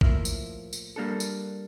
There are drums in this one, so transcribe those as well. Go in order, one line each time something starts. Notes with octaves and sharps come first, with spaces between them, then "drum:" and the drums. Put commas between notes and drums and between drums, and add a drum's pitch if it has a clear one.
A2 F3 A#3 E4, drum: kick A#1
drum: tambourine
drum: tambourine
G3 A#3 D4 A4
drum: tambourine